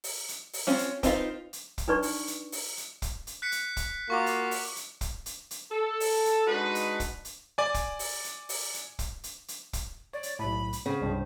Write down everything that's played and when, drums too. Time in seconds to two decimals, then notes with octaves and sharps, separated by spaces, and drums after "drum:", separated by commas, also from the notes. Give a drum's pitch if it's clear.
0.04 drum: open hi-hat
0.29 drum: hi-hat
0.53 drum: open hi-hat
0.67 C4 C#4 F4
0.78 drum: hi-hat
1.03 C4 D#4 F4 B4, drum: kick, hi-hat
1.53 drum: hi-hat
1.78 drum: kick, hi-hat
1.88 D4 D#4 B4 D5 C#6
2.03 drum: open hi-hat
2.27 drum: hi-hat
2.52 drum: open hi-hat
2.77 drum: hi-hat
3.02 drum: kick, hi-hat
3.27 drum: hi-hat
3.42 F#6 B6 C#7
3.52 drum: hi-hat
3.77 drum: kick, hi-hat
4.10 A#3 F4 F#4 C#6 D6
4.26 drum: hi-hat
4.51 drum: open hi-hat
4.76 drum: hi-hat
5.01 drum: kick, hi-hat
5.26 drum: hi-hat
5.51 drum: hi-hat
5.72 A4
6.00 drum: open hi-hat
6.25 drum: hi-hat
6.47 G#3 D4 D#4 F#4 B4
6.75 drum: hi-hat
7.00 drum: kick, hi-hat
7.25 drum: hi-hat
7.58 D5 G#5
7.74 drum: kick, hi-hat
7.99 drum: open hi-hat
8.24 drum: hi-hat
8.49 drum: open hi-hat
8.74 drum: hi-hat
8.99 drum: kick, hi-hat
9.24 drum: hi-hat
9.48 drum: hi-hat
9.73 drum: kick, hi-hat
10.14 C#5 D5
10.23 drum: hi-hat
10.39 B1 A2 B5
10.73 drum: hi-hat
10.86 C#3 B3 C4 C5
11.01 C2 G2